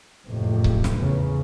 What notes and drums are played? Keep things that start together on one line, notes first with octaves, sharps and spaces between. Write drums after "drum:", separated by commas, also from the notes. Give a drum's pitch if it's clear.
F#1 F2 A2 C3 F3
drum: kick C#1
drum: snare
E2 C#3